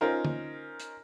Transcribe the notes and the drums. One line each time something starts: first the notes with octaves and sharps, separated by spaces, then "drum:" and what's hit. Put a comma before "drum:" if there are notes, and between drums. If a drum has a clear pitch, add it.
C#4 D#4 F4 A#4 C5
drum: tom D3
drum: hi-hat